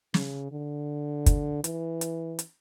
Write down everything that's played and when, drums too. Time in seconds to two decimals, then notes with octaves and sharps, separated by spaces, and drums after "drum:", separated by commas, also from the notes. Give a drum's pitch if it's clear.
0.14 C#3, drum: snare
0.52 D3
1.26 drum: kick, hi-hat
1.64 E3, drum: hi-hat
2.01 drum: hi-hat
2.39 drum: hi-hat